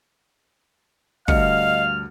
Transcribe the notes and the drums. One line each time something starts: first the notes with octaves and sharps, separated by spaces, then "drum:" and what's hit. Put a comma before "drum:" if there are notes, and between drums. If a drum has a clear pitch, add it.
D2 G2 D#5 F5 F6 C#7, drum: kick